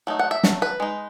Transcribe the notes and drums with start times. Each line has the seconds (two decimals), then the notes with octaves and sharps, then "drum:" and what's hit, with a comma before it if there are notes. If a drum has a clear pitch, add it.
0.07 F#3 A3 D#4
0.19 F#5
0.31 E5
0.43 F#3 A3, drum: snare
0.62 B4
0.80 G#3 D#4